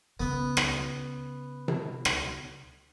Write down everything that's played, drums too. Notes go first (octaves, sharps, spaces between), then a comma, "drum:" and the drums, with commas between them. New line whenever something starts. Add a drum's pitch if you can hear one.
C#3 B3
drum: rim click
drum: tom C3
drum: rim click